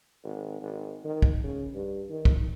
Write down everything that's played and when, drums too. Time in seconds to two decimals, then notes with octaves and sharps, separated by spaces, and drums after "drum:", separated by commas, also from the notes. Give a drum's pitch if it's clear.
0.24 G#1
0.62 G#1
1.04 D#3
1.22 drum: kick
1.44 C#3
1.74 G2
2.10 D#3
2.25 drum: kick